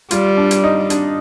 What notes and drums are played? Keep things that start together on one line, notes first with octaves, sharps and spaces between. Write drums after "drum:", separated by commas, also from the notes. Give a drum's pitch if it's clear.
G3 F4, drum: hi-hat
D4
drum: hi-hat
D#4
D4, drum: hi-hat